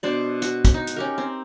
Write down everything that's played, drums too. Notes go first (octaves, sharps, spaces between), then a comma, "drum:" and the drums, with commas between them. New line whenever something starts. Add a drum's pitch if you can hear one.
B2 D4 C5 D5
F#4, drum: hi-hat
drum: kick, hi-hat
D#4
drum: hi-hat
C#4 G4 A#4
C4